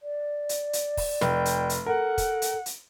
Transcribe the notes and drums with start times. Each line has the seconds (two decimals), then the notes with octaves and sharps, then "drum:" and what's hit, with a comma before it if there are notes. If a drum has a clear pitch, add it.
0.01 D5
0.49 drum: hi-hat
0.73 drum: hi-hat
0.97 drum: kick, open hi-hat
1.21 F1 G5, drum: snare
1.45 drum: hi-hat
1.70 drum: hi-hat
1.86 A4 A#4 F#5
2.18 drum: kick, hi-hat
2.42 drum: hi-hat
2.66 drum: hi-hat